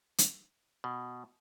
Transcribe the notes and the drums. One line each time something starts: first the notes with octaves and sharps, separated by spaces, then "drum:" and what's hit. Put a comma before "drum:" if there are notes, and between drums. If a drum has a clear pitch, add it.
drum: hi-hat
B2